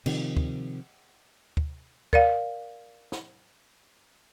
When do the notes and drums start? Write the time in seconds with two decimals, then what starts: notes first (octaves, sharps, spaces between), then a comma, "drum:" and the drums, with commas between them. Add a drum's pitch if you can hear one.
0.06 C3 D#3 F3, drum: cymbal
0.37 drum: kick
1.57 drum: kick
2.13 A#4 D5 F5, drum: kick
3.12 drum: snare